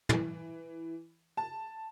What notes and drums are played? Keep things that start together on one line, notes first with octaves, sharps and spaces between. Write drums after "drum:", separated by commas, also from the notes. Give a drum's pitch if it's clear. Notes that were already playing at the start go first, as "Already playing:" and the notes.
E3, drum: tom
A5